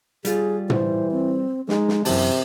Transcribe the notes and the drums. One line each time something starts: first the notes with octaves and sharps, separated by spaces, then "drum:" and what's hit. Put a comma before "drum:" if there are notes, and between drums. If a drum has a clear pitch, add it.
G3 F4 G#4, drum: hi-hat
E3 C5, drum: tom
C4
G#3 D#4, drum: snare
drum: snare
F#2 C3 E3 A5, drum: open hi-hat